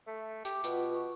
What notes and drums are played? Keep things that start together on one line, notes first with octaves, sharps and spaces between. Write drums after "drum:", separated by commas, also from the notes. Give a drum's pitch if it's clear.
A3
G4 D6, drum: tambourine
B2 F4 B4 F#5, drum: tambourine
C#6